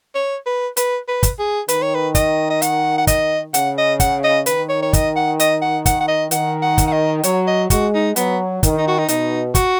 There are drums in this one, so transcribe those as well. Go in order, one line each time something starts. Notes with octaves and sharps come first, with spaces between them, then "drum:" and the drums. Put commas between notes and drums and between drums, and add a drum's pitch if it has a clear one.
C#5
B4
B4, drum: hi-hat
B4
drum: kick, hi-hat
G#4
D#3 B4, drum: hi-hat
C#5
B4
D#5, drum: kick, hi-hat
D#5
F#5, drum: hi-hat
F#5
D#5, drum: kick, hi-hat
C#3 F#5, drum: hi-hat
D#5
F#5, drum: kick, hi-hat
D#5
D#3 B4, drum: hi-hat
C#5
C#5
D#5, drum: kick, hi-hat
F#5
D#5, drum: hi-hat
F#5
F#5, drum: kick, hi-hat
F#5
D#5
D#3 F#5, drum: hi-hat
F#5
drum: kick, hi-hat
F#5
D#5
F#3 C#5, drum: hi-hat
D#5
G#3 F#4, drum: kick, hi-hat
D#4
F#3 B3, drum: hi-hat
D#3, drum: kick, hi-hat
D#4
F#4
D#4
B2 D#4, drum: hi-hat
F#4, drum: kick, hi-hat